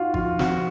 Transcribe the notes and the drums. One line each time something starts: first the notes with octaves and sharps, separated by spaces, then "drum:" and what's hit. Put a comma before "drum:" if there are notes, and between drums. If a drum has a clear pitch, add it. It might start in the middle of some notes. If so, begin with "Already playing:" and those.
Already playing: D#4 F4 F#4
F3 F4, drum: kick G#1
C4 F#4, drum: snare